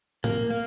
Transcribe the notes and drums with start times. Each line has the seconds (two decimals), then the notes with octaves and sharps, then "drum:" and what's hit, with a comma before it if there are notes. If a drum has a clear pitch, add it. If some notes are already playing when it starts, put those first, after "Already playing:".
0.24 A#3, drum: tom A2
0.51 A#3